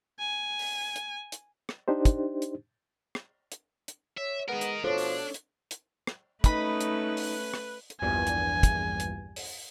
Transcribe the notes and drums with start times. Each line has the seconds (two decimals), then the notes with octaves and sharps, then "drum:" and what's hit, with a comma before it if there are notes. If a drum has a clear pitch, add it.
0.19 G#5
0.59 drum: open hi-hat
0.96 drum: hi-hat
1.32 drum: hi-hat
1.69 drum: rim click
1.88 D4 D#4 G4 C5
2.05 drum: kick, hi-hat
2.42 drum: hi-hat
3.15 drum: rim click
3.52 drum: hi-hat
3.88 drum: hi-hat
4.18 C#5 E5
4.49 G#3 B3 A#4 D#5
4.61 drum: hi-hat
4.84 B2 F3 D4 A4 C#5
4.98 drum: open hi-hat
5.34 drum: hi-hat
5.71 drum: hi-hat
6.07 drum: rim click
6.44 A3 C#4 D#4 B4 D#5 B5, drum: kick, hi-hat
6.81 drum: hi-hat
7.17 drum: open hi-hat
7.54 drum: rim click
7.90 drum: hi-hat
8.01 A#1 E2 G2 G#5
8.27 drum: hi-hat
8.63 drum: kick, hi-hat
9.00 drum: hi-hat
9.36 drum: open hi-hat